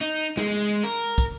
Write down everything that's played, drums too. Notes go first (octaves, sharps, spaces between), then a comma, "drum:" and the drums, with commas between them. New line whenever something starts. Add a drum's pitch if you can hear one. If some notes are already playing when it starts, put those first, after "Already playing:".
D#4
G#3, drum: snare
A#4
drum: kick, tambourine